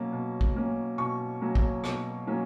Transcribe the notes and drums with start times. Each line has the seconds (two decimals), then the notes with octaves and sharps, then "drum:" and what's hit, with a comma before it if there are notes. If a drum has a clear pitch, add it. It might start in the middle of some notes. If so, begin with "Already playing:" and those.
Already playing: B2 F#3 A#3 C#4
0.12 B2
0.41 drum: kick
0.55 F#3 A#3 C#4
0.98 B2 C#6
1.41 F#3 A#3 C#4
1.55 drum: kick
1.84 B2, drum: rim click
2.27 F#3 A#3 C#4